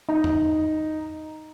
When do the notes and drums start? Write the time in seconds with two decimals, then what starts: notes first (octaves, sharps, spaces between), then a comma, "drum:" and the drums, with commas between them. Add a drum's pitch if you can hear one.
0.09 D#4
0.24 drum: tom E2